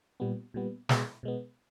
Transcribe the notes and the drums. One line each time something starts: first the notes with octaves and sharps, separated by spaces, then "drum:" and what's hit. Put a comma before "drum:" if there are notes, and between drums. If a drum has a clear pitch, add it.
A#2 G3 B3
A#2 G3 B3
B2 G#3 B3, drum: snare
B2 G#3 B3